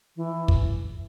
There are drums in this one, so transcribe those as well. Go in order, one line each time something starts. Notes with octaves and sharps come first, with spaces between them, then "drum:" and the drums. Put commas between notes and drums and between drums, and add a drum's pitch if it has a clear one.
E3
drum: kick